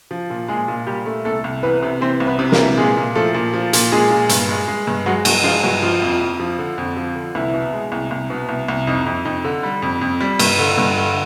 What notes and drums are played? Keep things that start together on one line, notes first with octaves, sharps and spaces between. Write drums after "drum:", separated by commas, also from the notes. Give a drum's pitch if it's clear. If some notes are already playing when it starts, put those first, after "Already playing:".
F3
A#2
A#2 G#3 G#4
A#2
A#2 G3 G4
A3
C2 A3 A4
C2
E3 B3 B4
C3
E3 C4 C5
C2
B3 B4
C3
A#3 A#4, drum: snare
E3
A#2 G#3 G#4
A#2
F3 A3 A4
A#2
F3
A#2, drum: hi-hat
A#2 G#3 G#4
A#2
G2, drum: hi-hat
G#3
G#3
G2
F#3 G#3 F#4
G2 F#3 F#4, drum: cymbal
F3 G#3 F4
G2 F#3 F#4
F3 F4
F2
F2
F3
D3
F2
F3
D3
C2 E3 E4
B2
G#3
C2
C2
B2
C2
C2
F2 D#4
F2
F2 D#4
D3
G3
F2
F2
G3
G2, drum: cymbal
D3
G2
D3